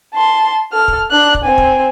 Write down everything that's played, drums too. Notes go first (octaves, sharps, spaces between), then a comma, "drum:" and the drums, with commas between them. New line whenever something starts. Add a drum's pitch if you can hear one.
A5 C6
A4 F6
drum: kick
D4 F#6
drum: kick
C4 G#5
drum: kick